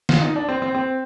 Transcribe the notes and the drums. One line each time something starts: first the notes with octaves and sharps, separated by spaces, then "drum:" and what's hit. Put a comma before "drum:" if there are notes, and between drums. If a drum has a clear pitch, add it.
F4, drum: snare
D#4
D4
C4
C4
C4